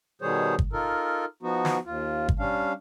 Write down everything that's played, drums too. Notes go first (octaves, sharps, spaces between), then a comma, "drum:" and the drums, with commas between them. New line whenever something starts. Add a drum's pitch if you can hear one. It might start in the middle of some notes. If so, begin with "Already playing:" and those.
B2 D#3 G3 G#4 C5 C#5
drum: kick G1
D#4 F4 A4 A#4
F3 B3 D#4 F#4
drum: snare
D#2 F4
drum: kick G1
G3 C#4 D4 F5